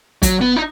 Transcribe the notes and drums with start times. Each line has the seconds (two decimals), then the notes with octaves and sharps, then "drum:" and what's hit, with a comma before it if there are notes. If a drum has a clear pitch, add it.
0.23 F#3, drum: kick, hi-hat
0.41 B3
0.56 D#4